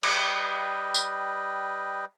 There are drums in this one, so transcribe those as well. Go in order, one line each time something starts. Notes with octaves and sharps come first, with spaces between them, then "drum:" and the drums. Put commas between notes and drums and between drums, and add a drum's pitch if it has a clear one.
G3 B4 D#5 G5, drum: cymbal
drum: tambourine